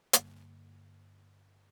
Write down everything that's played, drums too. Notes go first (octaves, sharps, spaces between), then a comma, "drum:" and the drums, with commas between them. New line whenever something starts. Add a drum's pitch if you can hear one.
G2 D3 G3 A#3, drum: hi-hat